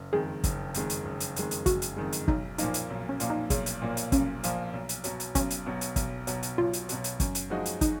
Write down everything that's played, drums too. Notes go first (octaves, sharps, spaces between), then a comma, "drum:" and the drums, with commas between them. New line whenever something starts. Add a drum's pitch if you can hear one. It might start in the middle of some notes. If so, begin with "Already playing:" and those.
Already playing: F#1
F2 D#3 G#3 G#4
F#1, drum: kick, hi-hat
F2 D#3 G#3, drum: hi-hat
drum: hi-hat
F#1
drum: hi-hat
F2 D#3 G#3, drum: hi-hat
drum: hi-hat
F#1 F#4, drum: kick, hi-hat
drum: hi-hat
F2 D#3 G#3
drum: hi-hat
B1 D#4, drum: kick
A#2 F3 A#3 D#4, drum: hi-hat
drum: hi-hat
B1
C#4
A#2 F3 A#3, drum: hi-hat
D#4
B1 G#4, drum: kick, hi-hat
drum: hi-hat
A#2 F3 A#3
drum: hi-hat
B1 C#4, drum: kick, hi-hat
A#2 F3 A#3, drum: hi-hat
B1
drum: hi-hat
B2 F#3, drum: hi-hat
drum: hi-hat
B1 C#4, drum: kick, hi-hat
drum: hi-hat
B2 F#3
drum: hi-hat
B1, drum: kick, hi-hat
B2 F#3, drum: hi-hat
drum: hi-hat
B1 F4
drum: hi-hat
B2 F#3, drum: hi-hat
drum: hi-hat
F#2, drum: kick, hi-hat
drum: hi-hat
F3 G#3 D#4 F#4
drum: hi-hat
D#4, drum: kick, hi-hat